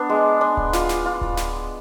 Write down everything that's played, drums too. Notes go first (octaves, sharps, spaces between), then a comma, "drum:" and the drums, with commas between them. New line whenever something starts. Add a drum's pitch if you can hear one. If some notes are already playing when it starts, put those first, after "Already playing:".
Already playing: B3 D4
G#3
D4
drum: kick D1
F4, drum: snare
drum: snare
F4
drum: kick D1
drum: snare